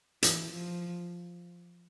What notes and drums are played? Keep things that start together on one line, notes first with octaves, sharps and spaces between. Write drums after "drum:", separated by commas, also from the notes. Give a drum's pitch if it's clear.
E3, drum: hi-hat
F3